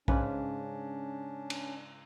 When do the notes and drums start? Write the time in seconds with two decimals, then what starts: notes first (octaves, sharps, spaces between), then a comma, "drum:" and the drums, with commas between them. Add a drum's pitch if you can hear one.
0.08 G#2 C#3 C#4 D4 B4, drum: kick
1.50 drum: cymbal